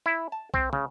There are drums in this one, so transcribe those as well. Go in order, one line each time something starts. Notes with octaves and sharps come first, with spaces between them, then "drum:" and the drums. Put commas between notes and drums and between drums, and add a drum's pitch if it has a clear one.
E4
A5
C4, drum: kick C2
C#3, drum: tom